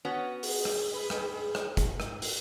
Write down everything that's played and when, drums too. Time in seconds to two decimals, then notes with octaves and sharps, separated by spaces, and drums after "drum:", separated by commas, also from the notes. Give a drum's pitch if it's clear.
0.05 B3 C#4 F#4
0.43 G#4, drum: open hi-hat
0.65 drum: rim click
0.94 B4
1.10 drum: rim click
1.55 drum: rim click
1.77 drum: kick, hi-hat
2.00 drum: rim click
2.22 drum: open hi-hat